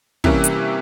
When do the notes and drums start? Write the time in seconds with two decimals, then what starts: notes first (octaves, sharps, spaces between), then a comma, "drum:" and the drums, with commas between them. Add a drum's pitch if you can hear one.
0.24 C3 E3 G3 A#3 C#4, drum: kick
0.44 drum: hi-hat